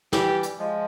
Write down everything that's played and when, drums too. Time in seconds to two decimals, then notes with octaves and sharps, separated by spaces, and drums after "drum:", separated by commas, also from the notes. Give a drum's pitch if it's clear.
0.13 E3 G3 G4, drum: snare
0.43 drum: hi-hat
0.58 F3 G#3